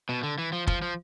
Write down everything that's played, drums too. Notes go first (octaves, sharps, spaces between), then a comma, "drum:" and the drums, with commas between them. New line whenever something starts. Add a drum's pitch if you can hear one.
B2
D3
E3
F3
F3, drum: kick
F3